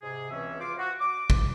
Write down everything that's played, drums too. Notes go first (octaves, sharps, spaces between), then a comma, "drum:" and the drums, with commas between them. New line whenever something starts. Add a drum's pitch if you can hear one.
G#2 C3 G#4
C#2 B2 E3 C4 C#4 E5
F4 B4 C5 F5 C6 D6
F#4
D6
drum: kick